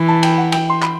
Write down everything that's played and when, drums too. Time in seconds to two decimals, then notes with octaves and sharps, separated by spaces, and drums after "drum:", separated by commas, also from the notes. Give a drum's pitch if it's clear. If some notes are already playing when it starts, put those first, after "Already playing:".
Already playing: E3 B5
0.08 A5
0.23 G5, drum: cymbal
0.38 F#5
0.52 G5, drum: cymbal
0.70 C6
0.83 B5, drum: clap